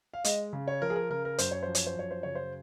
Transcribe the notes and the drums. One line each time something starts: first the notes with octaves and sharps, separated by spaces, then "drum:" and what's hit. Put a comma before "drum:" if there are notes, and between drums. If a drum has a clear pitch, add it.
F5
G#3 D#5, drum: hi-hat
C#3
C#5
F3 A#4
G#4
A#4
C#3 A#4
A#4
F#2 C5, drum: hi-hat
C#5
F3 C5
C#5, drum: hi-hat
C5
F#2 C#5
C5
C#3 C#5
C5